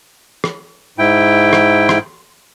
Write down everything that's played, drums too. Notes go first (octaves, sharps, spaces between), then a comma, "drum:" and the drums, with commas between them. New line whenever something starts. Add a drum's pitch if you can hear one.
drum: rim click
G#2 E4 G5
drum: rim click
drum: rim click